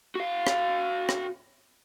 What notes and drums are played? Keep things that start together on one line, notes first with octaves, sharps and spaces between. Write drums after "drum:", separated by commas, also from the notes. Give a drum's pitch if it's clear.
F#4 F5
drum: rim click
drum: rim click